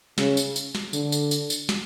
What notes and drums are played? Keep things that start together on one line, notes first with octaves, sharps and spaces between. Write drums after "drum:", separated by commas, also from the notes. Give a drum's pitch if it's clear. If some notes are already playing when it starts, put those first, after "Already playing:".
C#3, drum: snare
drum: tambourine
drum: tambourine
drum: snare
D3, drum: tambourine
drum: tambourine
drum: tambourine
drum: tambourine
drum: snare